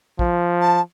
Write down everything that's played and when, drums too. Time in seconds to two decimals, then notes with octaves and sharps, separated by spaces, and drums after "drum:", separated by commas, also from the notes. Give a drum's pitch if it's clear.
0.19 F3, drum: kick
0.61 A5